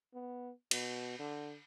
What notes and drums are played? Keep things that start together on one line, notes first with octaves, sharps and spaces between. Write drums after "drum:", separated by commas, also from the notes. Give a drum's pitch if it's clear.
B3
B2, drum: cymbal
D3